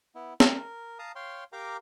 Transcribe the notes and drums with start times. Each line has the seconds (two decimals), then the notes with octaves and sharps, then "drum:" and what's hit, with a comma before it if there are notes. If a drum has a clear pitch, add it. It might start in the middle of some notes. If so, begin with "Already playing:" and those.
0.15 B3 E4
0.40 A#4, drum: snare
0.99 F5 A5 A#5 D#6
1.15 C#5 F5 G5 C6
1.53 G4 A#4 F5 G5 A#5 D6